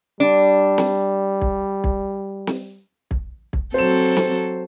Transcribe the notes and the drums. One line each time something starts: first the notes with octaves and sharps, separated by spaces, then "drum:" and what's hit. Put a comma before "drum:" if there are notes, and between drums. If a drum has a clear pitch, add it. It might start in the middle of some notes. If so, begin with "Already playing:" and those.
G3 D4
drum: snare
drum: kick
drum: kick
drum: snare
drum: kick
drum: kick
F#3 C4 A4 C5 E7
drum: snare